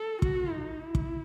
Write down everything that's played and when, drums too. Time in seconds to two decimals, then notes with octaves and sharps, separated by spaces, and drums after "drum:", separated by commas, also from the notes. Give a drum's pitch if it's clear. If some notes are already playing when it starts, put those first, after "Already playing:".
Already playing: A4
0.22 F#4, drum: kick
0.51 D#4
0.80 E4
0.95 drum: kick